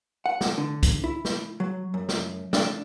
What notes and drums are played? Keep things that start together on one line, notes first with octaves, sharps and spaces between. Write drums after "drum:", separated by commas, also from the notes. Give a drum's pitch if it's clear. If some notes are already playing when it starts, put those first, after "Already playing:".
F#5
drum: snare
D3
drum: kick, hi-hat
E4
drum: snare
F#3
F#2
drum: snare
D4, drum: snare